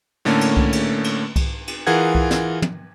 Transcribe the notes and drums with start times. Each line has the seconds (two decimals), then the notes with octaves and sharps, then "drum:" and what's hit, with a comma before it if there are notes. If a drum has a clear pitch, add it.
0.25 A2 D3 A3 A#3 C#4
0.41 drum: cymbal
0.57 drum: kick C2
0.73 drum: cymbal
1.04 drum: cymbal
1.36 drum: kick C2, cymbal
1.67 drum: cymbal
1.87 E3 F4 G#4 A#4 F#5 G#6
2.15 drum: kick C2
2.31 drum: snare
2.62 drum: tom